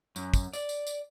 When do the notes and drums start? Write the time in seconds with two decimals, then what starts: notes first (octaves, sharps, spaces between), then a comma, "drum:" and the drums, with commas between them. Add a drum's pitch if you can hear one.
0.16 F#2, drum: tambourine
0.34 drum: kick, tambourine
0.53 D5, drum: tambourine
0.69 drum: tambourine
0.87 drum: tambourine